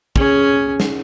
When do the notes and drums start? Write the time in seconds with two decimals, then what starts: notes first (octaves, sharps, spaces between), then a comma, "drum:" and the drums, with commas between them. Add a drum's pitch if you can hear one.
0.16 C#4 G#4, drum: kick
0.80 drum: snare